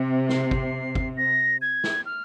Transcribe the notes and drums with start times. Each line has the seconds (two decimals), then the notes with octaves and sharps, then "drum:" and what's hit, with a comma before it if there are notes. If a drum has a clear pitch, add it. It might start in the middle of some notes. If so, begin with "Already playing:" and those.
Already playing: C3
0.29 C7, drum: snare
0.51 drum: kick
0.95 drum: kick
1.17 A#6
1.62 G#6
1.84 drum: snare
2.06 F6